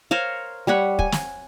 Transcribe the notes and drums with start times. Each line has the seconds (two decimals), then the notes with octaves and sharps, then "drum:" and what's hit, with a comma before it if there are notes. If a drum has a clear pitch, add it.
0.11 A#4 C5 C#5 F5
0.67 G3 C#5 F#5 B5
0.99 G#5, drum: kick
1.12 drum: snare